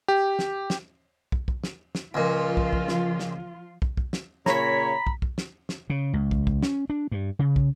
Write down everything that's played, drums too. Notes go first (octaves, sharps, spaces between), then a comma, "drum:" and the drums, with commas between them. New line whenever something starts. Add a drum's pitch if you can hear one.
G4
drum: snare
drum: snare
drum: kick
drum: kick
drum: snare
drum: snare
C#2 A#2 F3 F4
drum: kick
drum: kick
drum: snare
drum: snare
drum: kick
drum: kick
drum: snare
A#2 C#3 C#5 A#5 B5 B6, drum: snare
drum: kick
drum: kick
drum: snare
drum: snare
C#3
C#2
drum: kick
drum: kick
C#4, drum: snare
D4
G2
C#3
drum: kick